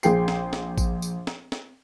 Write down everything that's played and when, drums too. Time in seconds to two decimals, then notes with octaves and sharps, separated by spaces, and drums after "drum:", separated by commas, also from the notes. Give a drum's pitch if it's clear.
0.03 A#1 G#4 G5 C7, drum: tambourine
0.28 drum: snare
0.53 drum: snare
0.78 drum: kick A1, tambourine
1.02 drum: tambourine
1.27 drum: snare
1.52 drum: snare